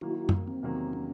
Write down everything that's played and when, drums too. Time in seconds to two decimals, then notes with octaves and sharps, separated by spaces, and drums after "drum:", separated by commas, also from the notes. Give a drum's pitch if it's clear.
0.01 D#3 F#3 A#3 E4 F#4
0.29 drum: tom F#2
0.48 C4
0.63 E2 C3 D#3 F#3 A#3
0.93 C#4